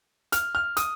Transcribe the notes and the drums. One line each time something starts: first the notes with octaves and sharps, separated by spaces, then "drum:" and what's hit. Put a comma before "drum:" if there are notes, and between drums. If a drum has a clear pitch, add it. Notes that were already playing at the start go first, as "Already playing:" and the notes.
F6, drum: hi-hat
F6
D#6, drum: hi-hat